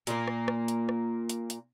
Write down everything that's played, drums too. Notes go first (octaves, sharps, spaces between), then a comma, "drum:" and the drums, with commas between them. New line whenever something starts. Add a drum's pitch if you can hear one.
A#2 A#3, drum: hi-hat
drum: rim click
drum: rim click
drum: hi-hat
drum: rim click
drum: hi-hat
drum: hi-hat